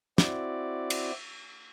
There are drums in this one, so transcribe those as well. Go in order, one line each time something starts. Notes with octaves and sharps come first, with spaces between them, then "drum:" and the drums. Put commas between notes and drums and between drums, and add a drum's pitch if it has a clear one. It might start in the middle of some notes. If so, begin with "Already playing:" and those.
C4 E4 F#4 D5, drum: snare
drum: cymbal